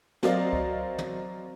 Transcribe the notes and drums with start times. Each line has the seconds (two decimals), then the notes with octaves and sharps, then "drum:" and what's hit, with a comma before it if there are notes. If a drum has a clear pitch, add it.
0.23 F#3 C4 A#4 D5 D#5 F5, drum: snare
0.53 drum: kick C#2
0.98 drum: tom